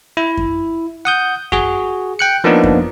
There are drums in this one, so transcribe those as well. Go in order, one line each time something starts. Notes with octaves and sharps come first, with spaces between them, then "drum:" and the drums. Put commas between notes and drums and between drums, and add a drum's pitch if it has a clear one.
E4
drum: kick F#2
F#5 D#6 G6
F#4 G#4, drum: kick F#2
G5 F#6 C#7
F3 A#3 B3 D4 D#4
drum: kick F#2